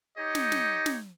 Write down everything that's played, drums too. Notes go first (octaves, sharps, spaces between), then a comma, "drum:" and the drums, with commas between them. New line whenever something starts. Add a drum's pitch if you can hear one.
D#4 G4 C#5 D#5
drum: snare
drum: snare
drum: snare